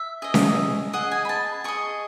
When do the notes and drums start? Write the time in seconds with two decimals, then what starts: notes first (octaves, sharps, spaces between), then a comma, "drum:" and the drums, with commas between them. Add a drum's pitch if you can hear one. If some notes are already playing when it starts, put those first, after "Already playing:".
Already playing: E5
0.22 G#4 D#5
0.34 drum: snare C#4
0.93 G#4 D#5 F#5
1.12 G#5
1.25 B5
1.29 A5
1.64 G#4 D#5 C#6